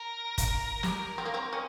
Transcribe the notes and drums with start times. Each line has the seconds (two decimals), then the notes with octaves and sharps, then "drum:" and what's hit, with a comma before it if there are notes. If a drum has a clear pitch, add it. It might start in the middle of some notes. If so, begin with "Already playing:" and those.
Already playing: A#4
0.38 drum: kick, hi-hat
0.83 G3, drum: snare
1.18 C4
1.25 A#3
1.34 C4
1.53 C#4